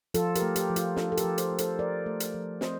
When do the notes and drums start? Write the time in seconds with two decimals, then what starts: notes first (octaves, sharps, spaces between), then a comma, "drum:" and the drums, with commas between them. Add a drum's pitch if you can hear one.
0.14 F3 F4 A4, drum: hi-hat
0.35 G4 A#4, drum: hi-hat
0.42 A3
0.56 G4, drum: hi-hat
0.70 F3
0.76 F4, drum: hi-hat
0.96 D4 F4 A4, drum: snare
1.12 A4
1.17 G4 A#4, drum: hi-hat
1.24 F3
1.38 A4 C5, drum: hi-hat
1.52 A3
1.58 A4 C5, drum: hi-hat
1.79 F3 A#4 D5
2.06 A3
2.20 drum: hi-hat
2.35 F3
2.61 C4 C5 D#5, drum: snare